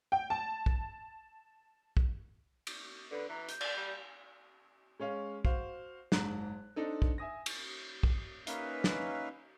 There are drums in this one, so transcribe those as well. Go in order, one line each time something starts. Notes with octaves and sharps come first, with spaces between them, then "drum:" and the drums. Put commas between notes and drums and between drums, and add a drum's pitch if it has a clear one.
G5
A5
drum: kick
drum: kick
drum: cymbal
D3 B4
E3 A#5
G6, drum: hi-hat
D5, drum: cymbal
G3
G#3 C#4 C#5 F5
F#4 C5 F5, drum: kick
F#1 G#2 A#5 F#6, drum: snare
C4 D4 D#4 A4
drum: kick
E5 G#5 D#6 A#6
drum: cymbal
drum: kick
A#3 C#4 D#4 B4 E5 F5, drum: hi-hat
drum: snare